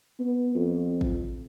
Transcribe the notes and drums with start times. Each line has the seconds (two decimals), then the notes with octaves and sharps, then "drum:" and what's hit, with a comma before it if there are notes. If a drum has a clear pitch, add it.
0.19 B3
0.55 F2
1.01 drum: kick